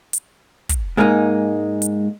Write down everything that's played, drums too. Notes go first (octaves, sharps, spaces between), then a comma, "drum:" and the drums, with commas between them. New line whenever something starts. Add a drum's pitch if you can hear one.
drum: hi-hat
drum: kick, hi-hat
G#2 G#3 A#3 D4 D#4
drum: hi-hat